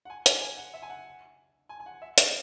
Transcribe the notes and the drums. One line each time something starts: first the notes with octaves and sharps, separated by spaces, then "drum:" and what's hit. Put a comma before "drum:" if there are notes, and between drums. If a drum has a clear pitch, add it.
F#5
G#5
G#5, drum: hi-hat
G#5
F#5
E5
G#5
F#5
G#5
G#5
F#5
E5
D#5, drum: hi-hat